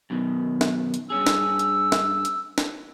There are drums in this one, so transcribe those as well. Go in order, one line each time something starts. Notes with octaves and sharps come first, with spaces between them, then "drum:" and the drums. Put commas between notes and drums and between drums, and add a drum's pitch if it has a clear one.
F#2 B2 D#3
drum: snare
drum: hi-hat
G2 C#4 G#4 E6
drum: snare
drum: hi-hat
drum: snare
drum: hi-hat
drum: snare